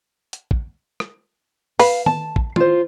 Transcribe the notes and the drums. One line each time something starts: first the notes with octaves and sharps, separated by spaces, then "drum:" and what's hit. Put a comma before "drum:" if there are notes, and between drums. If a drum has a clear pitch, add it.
drum: hi-hat
drum: kick
drum: rim click
B4 F5, drum: open hi-hat
A5, drum: tom D#3
drum: kick
F4 C5, drum: tom